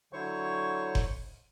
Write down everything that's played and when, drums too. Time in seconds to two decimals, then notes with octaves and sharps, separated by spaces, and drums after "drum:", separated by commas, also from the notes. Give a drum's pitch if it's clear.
0.13 D3 F#3 E4 C5 C#5 C#6
0.95 drum: kick F#1